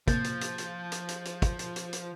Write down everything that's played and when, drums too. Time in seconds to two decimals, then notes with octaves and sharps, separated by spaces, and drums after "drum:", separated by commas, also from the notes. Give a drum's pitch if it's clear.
0.08 A2 C3 F3 A#3 G6 A6, drum: kick, hi-hat
0.24 drum: hi-hat
0.41 drum: hi-hat
0.58 drum: hi-hat
0.92 drum: hi-hat
1.09 drum: hi-hat
1.25 drum: hi-hat
1.42 drum: kick, hi-hat
1.59 drum: hi-hat
1.76 drum: hi-hat
1.93 drum: hi-hat